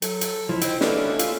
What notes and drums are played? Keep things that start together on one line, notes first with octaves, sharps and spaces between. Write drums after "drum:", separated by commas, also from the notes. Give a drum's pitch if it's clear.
F#3 A4, drum: hi-hat
drum: hi-hat
C#2 F3 E4
C4 D#4, drum: hi-hat
A3 A#3 D4 D#4 F#4 B4, drum: snare
C#4
F4 E5, drum: hi-hat